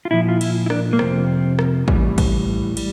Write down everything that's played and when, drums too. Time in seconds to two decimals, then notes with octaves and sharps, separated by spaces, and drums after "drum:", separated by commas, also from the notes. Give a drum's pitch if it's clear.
0.05 F4
0.11 A#2 F3 E4
0.29 F4
0.41 E4, drum: cymbal
0.66 E4
0.70 D4, drum: rim click
0.93 A#3
0.99 F2 C3 F3 C4, drum: rim click
1.59 drum: rim click
1.88 A2 E3 G3, drum: kick A1
2.18 drum: kick A1, cymbal
2.77 G3, drum: cymbal